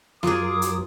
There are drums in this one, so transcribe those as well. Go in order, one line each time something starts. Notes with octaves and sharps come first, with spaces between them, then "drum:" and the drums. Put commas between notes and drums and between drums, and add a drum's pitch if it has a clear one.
F#2 F#3 F4 G#4 A#4 D6 D#6, drum: snare
drum: hi-hat